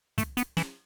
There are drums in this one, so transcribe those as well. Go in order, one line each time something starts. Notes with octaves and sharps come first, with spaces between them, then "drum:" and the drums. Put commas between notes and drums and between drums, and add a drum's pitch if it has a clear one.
A3, drum: kick, hi-hat
B3, drum: hi-hat
E3, drum: snare